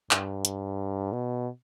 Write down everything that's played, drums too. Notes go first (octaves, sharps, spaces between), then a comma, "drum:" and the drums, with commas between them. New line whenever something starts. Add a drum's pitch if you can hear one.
G2, drum: clap
drum: hi-hat
B2